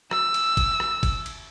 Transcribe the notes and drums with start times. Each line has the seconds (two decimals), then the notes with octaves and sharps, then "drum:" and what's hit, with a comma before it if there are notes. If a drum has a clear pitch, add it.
0.11 E6, drum: rim click
0.34 drum: cymbal
0.57 drum: kick, cymbal
0.80 drum: rim click
1.03 drum: kick, cymbal
1.26 drum: cymbal